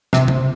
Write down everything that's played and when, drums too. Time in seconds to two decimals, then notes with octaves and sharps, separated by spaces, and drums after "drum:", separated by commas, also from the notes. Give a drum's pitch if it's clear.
0.13 C3, drum: snare
0.28 drum: tom C3